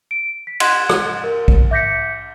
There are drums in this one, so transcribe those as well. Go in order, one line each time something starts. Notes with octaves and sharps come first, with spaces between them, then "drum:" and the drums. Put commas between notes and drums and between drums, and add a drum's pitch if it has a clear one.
D7
B6
D#5 F#5 C6 F#6 G#6, drum: cymbal
drum: rim click
A#4
drum: kick
E5 D6 G6 A#6 B6 C#7